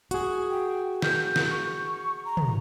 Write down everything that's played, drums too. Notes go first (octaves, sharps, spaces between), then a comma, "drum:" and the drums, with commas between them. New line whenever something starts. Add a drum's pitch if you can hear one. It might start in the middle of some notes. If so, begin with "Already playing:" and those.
F#4 G#4, drum: hi-hat
G5
G6, drum: snare
drum: snare
C#6
A#5
drum: tom